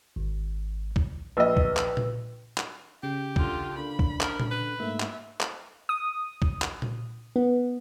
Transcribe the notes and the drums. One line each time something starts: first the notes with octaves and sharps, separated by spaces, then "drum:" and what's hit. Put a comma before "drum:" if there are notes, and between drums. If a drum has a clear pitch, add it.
G#1
drum: kick B1
A#1 B4 D#5 E6
drum: kick B1
drum: clap
drum: tom A#2
drum: clap
C#3 G4
D3 F4, drum: kick B1
D3 A#3 B5
drum: kick B1
A#4, drum: clap
drum: tom A#2
B4
G#2 A3 A#3 E5
drum: clap
drum: clap
D#6
drum: kick B1
drum: clap
drum: tom A#2
B3